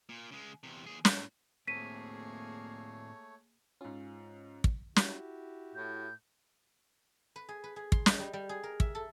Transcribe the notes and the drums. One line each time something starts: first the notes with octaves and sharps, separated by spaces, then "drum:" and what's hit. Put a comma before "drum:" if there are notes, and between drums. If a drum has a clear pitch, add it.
A#2
C#3 G#3
E2 C3
D#2 G#4
A2, drum: snare
A2 A3 A#3 C4 G#4 C#5 B6 D#7
G#2 C#4 F4
drum: kick
E4 F#4 G4, drum: snare
A2 G6
B4
G#4
B4
G#4
C6, drum: kick
D#5, drum: snare
G3
G3
G#4
A#4
E5, drum: kick
A4